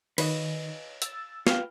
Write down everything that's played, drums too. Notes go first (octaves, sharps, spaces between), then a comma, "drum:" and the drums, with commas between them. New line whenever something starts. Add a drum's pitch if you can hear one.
D#3 B4 C#5 D#5, drum: cymbal
E6 A6, drum: hi-hat
F4 B4 F5 G5, drum: snare